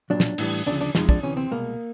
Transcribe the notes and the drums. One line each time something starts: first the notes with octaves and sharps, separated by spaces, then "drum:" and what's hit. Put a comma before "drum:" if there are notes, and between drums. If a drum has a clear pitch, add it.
B1 A#2 F#3 D4
drum: snare
A2 E3 G3, drum: cymbal
D2 C#3 F3 D4
D4
F2 C3 F3 G#3 D#4, drum: snare
D4, drum: kick
D2 C3 E3 C#4
C4
C2 B2 G#3 A#3